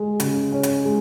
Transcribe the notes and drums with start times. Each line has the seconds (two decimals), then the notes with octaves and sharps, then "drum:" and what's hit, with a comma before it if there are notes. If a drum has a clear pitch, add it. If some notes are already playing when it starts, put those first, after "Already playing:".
Already playing: G#3
0.20 C#3, drum: hi-hat
0.52 C#4
0.63 drum: hi-hat
0.85 G#3